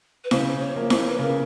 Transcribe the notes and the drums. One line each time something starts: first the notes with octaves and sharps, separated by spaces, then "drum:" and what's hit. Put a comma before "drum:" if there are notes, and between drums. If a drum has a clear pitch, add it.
B4
C#3 C5, drum: snare E4
C#5
F3 A#3
C5, drum: snare E4
B4
C#3 A#4